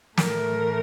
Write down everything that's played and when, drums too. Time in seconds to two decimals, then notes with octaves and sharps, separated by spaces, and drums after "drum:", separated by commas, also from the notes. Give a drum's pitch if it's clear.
0.18 A2 E3 A3 A#4, drum: snare